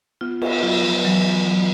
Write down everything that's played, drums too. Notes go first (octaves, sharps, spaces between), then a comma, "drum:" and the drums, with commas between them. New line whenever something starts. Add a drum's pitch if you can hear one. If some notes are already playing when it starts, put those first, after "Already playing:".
B3 F4
B3, drum: cymbal
F#3 F4
F3
E3 F#3
F#3